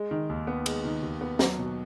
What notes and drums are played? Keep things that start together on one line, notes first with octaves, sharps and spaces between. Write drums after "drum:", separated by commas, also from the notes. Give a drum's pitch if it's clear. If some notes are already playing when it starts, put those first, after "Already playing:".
Already playing: G#3
D#3
D#2
B3
G#3, drum: cymbal
D#3
D#2
B3
F#3, drum: snare
B2